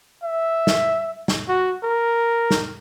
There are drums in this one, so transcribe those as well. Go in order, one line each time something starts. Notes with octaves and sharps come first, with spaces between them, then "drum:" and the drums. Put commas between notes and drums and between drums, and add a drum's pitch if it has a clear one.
E5
drum: snare
drum: snare
F#4
A#4
drum: snare